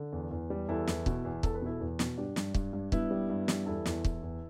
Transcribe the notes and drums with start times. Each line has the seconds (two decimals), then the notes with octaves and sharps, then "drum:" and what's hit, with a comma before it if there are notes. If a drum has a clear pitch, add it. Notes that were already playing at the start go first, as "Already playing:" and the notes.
Already playing: D3
0.12 E2
0.31 E2
0.50 G3
0.68 E2 E4 A4
0.87 E2, drum: snare
1.06 B2, drum: kick
1.25 E2
1.43 E2 A4, drum: kick
1.55 B4
1.62 B2 E4 A4
1.81 E2
1.99 B2, drum: snare
2.17 G2 D4 G4
2.36 G2, drum: snare
2.54 G2, drum: kick
2.73 G2
2.92 G2 B3 E4, drum: kick
3.11 G3
3.30 G2
3.48 G3, drum: snare
3.66 E2 E4 A4
3.86 E2, drum: snare
4.05 E2, drum: kick
4.23 E2